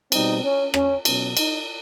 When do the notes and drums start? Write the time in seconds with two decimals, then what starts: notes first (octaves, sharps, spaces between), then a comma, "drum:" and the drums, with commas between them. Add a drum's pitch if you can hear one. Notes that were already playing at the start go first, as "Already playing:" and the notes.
0.12 B2 G3 C4 D#4, drum: cymbal
0.43 C#4
0.74 C#4, drum: rim click
1.05 B2 F#3 B3 C#4, drum: cymbal
1.37 D#4, drum: cymbal